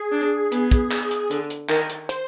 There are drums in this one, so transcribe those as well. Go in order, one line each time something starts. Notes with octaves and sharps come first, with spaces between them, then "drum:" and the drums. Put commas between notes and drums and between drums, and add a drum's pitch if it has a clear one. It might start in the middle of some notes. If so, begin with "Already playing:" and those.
Already playing: G#4
D4
B3, drum: hi-hat
drum: kick, hi-hat
drum: clap
drum: hi-hat
D3, drum: hi-hat
drum: hi-hat
D#3, drum: clap
drum: hi-hat
C5, drum: hi-hat